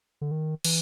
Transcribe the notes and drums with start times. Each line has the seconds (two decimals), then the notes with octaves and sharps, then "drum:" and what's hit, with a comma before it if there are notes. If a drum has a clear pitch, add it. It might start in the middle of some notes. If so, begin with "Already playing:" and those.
0.21 D3
0.31 D#3
0.64 E3, drum: cymbal